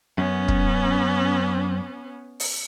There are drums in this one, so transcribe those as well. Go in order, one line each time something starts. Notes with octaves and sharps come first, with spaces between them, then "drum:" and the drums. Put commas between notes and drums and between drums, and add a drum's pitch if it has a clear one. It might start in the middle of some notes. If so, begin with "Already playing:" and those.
F#2 B3 C#4
drum: kick
drum: open hi-hat